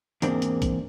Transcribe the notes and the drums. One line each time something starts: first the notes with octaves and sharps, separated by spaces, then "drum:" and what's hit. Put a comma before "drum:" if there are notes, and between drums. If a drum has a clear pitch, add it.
E2 G#2 A#3 C4 D4, drum: hi-hat
drum: hi-hat
drum: kick, hi-hat